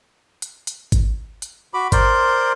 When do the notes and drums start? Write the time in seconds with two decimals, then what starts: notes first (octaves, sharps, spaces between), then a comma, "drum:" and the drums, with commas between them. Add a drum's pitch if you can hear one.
0.42 drum: hi-hat
0.67 drum: hi-hat
0.92 drum: kick G#1, hi-hat
1.42 drum: hi-hat
1.74 F#4 B5 D6
1.92 A#4 C5 D5 C6, drum: kick G#1, hi-hat